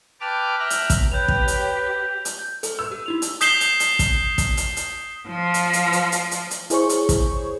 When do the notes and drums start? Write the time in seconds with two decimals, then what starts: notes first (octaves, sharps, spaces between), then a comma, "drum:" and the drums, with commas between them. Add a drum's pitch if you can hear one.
0.20 B4 G5 A5 D6 F6
0.59 E5 G5 A#5 F6 F#6
0.70 drum: hi-hat
0.90 drum: kick, hi-hat
1.12 G4 B4 C#5 G6 F7
1.28 drum: kick
1.48 drum: hi-hat
2.25 drum: hi-hat
2.39 G6
2.63 A4, drum: hi-hat
2.79 E6
2.92 G4
3.06 D#4 E4 F7
3.22 drum: hi-hat
3.41 D#6 G6 B6 C7 E7 G7, drum: hi-hat
3.61 drum: hi-hat
3.80 drum: hi-hat
3.99 drum: kick, hi-hat
4.38 drum: kick, hi-hat
4.57 drum: hi-hat
4.77 drum: hi-hat
5.28 F3
5.54 drum: hi-hat
5.73 drum: hi-hat
5.93 drum: hi-hat
6.12 drum: hi-hat
6.31 drum: hi-hat
6.51 drum: hi-hat
6.70 E4 G#4 C5 C#5 C#6, drum: hi-hat
6.89 drum: hi-hat
7.09 drum: kick, hi-hat